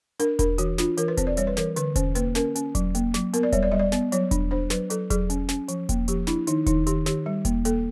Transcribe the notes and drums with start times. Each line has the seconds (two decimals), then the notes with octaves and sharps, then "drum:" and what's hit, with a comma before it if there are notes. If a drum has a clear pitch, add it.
0.20 D4 A#4, drum: hi-hat
0.39 D4 A#4, drum: kick E1, hi-hat
0.58 E3 F#4, drum: hi-hat
0.78 D4 F4, drum: snare
0.97 E3 A#4, drum: hi-hat
1.08 B4
1.17 C4 C5, drum: kick E1, hi-hat
1.27 D5
1.37 G3 C#5, drum: hi-hat
1.47 B4
1.57 E3 A#4, drum: snare
1.76 D3 B4, drum: hi-hat
1.96 C#4 C5, drum: kick E1, hi-hat
2.15 A#3 B4, drum: hi-hat
2.35 C#4 A#4, drum: snare
2.55 C#4, drum: hi-hat
2.75 F#3, drum: kick E1, hi-hat
2.95 A#3, drum: hi-hat
3.14 F#3, drum: snare
3.34 B3 A#4, drum: hi-hat
3.43 D5
3.52 G3 C#5, drum: kick E1, hi-hat
3.63 D5
3.72 G3 D#5
3.80 D5
3.92 B3, drum: snare
4.12 F#3 C#5, drum: hi-hat
4.31 D4, drum: kick E1, hi-hat
4.51 D4 C5
4.70 F#3 B4, drum: snare
4.90 F#3 A4, drum: hi-hat
5.10 F#3 G#4, drum: kick E1, hi-hat
5.30 C#4, drum: hi-hat
5.49 C#4, drum: snare
5.68 F3, drum: hi-hat
5.89 A#3, drum: kick E1, hi-hat
6.08 F3 G4, drum: hi-hat
6.27 D4 E4, drum: snare
6.47 D#3 D#4, drum: hi-hat
6.66 D#3 D#4, drum: kick E1, hi-hat
6.87 D#3 G4, drum: hi-hat
7.06 D#3 G4, drum: snare
7.26 G3
7.45 A#3, drum: kick E1, hi-hat
7.65 A#3 A4, drum: hi-hat